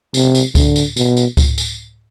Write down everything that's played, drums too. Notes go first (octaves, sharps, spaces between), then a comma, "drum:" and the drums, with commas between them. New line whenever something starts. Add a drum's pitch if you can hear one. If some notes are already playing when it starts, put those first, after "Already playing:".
C3, drum: tambourine
drum: tambourine
D3, drum: kick C#2, tambourine
drum: tambourine
B2, drum: tambourine
drum: tambourine
drum: kick C#2, tambourine
drum: tambourine